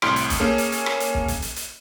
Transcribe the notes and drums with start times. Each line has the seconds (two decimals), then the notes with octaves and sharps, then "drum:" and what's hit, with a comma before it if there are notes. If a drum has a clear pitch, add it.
0.02 C2 A2 C6 F6 D7, drum: rim click
0.16 drum: hi-hat
0.30 drum: kick, hi-hat
0.40 A#3 C#4 G#4 A4
0.58 drum: hi-hat
0.72 drum: hi-hat
0.86 drum: rim click
1.00 drum: hi-hat
1.14 drum: kick
1.28 drum: kick, hi-hat
1.42 drum: hi-hat
1.56 drum: hi-hat